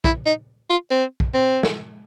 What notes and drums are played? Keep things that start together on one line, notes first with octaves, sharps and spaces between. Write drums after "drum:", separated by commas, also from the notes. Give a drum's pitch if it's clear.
E4, drum: kick
D#4
F4
C4
drum: kick
C4
drum: snare